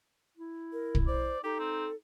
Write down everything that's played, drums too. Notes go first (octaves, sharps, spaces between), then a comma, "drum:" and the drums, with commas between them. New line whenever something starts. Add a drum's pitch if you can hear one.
E4
A#4
drum: kick
C5 D5
D#4 G4 A4
C4